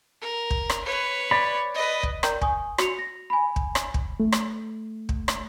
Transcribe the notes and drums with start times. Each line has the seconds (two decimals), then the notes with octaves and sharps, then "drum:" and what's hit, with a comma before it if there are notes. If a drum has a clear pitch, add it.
0.21 A#4
0.50 drum: kick
0.70 drum: rim click
0.85 B4 C#5
1.31 D5 B5
1.75 B4 D#5
2.03 drum: kick
2.23 A#4 D5 G5 A#5 G6, drum: rim click
2.41 G#5 C#6 D#6, drum: kick
2.78 F#4 C#7 F7, drum: rim click
2.99 A#6
3.30 G#5 B5
3.56 drum: kick
3.75 drum: rim click
3.94 drum: kick
4.20 A3
4.32 drum: rim click
5.09 drum: kick
5.28 drum: rim click